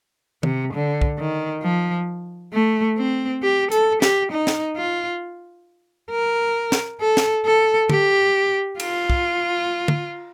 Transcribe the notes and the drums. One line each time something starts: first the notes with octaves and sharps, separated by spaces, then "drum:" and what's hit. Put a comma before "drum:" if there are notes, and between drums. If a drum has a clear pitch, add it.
C3, drum: tom
D3
drum: kick
D#3
F3
A3
C4
G4
A4, drum: hi-hat
G4, drum: snare
D#4
drum: snare
F4
A#4
drum: snare
A4
drum: snare
A4
G4, drum: tom
F4, drum: cymbal
drum: kick
drum: tom